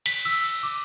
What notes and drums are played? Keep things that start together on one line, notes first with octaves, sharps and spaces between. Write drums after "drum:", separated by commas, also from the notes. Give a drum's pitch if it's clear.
B6, drum: cymbal
E6
D6